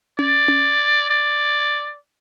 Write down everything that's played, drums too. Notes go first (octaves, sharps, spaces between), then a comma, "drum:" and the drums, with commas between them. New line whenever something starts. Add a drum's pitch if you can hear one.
D5, drum: tom C#4
drum: tom C#4
D5